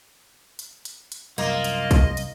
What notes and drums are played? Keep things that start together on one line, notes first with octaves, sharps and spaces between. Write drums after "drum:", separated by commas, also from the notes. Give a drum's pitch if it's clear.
drum: hi-hat
drum: hi-hat
drum: hi-hat
C2 F#2 A#3 F4 D#5, drum: hi-hat
drum: hi-hat
drum: kick, hi-hat
drum: hi-hat